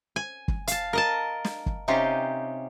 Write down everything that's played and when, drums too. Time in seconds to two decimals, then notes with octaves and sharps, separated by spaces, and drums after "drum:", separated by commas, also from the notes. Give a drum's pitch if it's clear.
0.16 G#5
0.48 drum: kick
0.68 F5 A5, drum: hi-hat
0.93 A#4 D#5 A5
1.45 drum: snare
1.66 drum: kick
1.88 C3 C#4 D#4 F4 G4